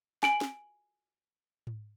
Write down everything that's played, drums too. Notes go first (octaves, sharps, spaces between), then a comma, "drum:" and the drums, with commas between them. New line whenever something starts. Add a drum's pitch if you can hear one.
G#5 D7 F#7, drum: snare
drum: snare
drum: tom G#2